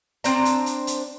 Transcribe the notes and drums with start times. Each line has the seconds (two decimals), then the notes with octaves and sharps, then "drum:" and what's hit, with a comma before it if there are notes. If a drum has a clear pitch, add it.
0.24 C4 D4 C5 A#5, drum: hi-hat
0.45 drum: hi-hat
0.66 drum: hi-hat
0.87 drum: hi-hat